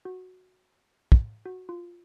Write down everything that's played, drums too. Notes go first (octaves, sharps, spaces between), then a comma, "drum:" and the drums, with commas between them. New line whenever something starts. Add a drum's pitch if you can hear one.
F#4
drum: kick
F#4
F4